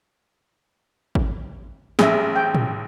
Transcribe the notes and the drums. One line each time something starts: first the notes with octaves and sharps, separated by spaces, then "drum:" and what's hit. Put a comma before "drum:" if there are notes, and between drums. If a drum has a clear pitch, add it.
drum: kick G#1
A1 G#4 E5, drum: snare
G5
drum: tom